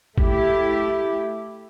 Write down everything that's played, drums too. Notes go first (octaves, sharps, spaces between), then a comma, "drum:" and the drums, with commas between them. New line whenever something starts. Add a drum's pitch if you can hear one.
A3 E4 G4, drum: kick